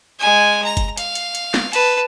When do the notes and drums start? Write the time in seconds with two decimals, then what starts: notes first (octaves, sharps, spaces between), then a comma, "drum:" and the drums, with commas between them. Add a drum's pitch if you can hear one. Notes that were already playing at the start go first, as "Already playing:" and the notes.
0.19 G#3 G#5
0.64 A#5
0.77 drum: kick, hi-hat
0.97 F5, drum: hi-hat
1.15 drum: hi-hat
1.35 drum: hi-hat
1.54 drum: snare
1.73 B4 A5, drum: hi-hat